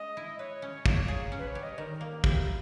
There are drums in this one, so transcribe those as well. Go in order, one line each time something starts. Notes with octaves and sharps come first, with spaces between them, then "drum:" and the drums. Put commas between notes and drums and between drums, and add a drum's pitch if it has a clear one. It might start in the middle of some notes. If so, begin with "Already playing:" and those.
Already playing: G#3 C#4 D#5
E4
B4 C#5
C#4
A#3, drum: kick
G#4
C#4
B4
C#5
G3
D#5
D#3 A#4
A#4
A#3
E4 G4, drum: kick